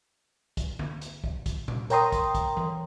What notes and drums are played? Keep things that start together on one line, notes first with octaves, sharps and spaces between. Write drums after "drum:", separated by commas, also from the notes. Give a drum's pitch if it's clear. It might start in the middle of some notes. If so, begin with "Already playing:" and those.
drum: kick, hi-hat
drum: tom D3
drum: hi-hat
drum: kick
drum: kick, hi-hat
drum: tom A#2
A#4 C#5 G5 A#5 C6 D#6, drum: hi-hat
drum: kick, hi-hat
drum: kick, hi-hat
drum: tom E3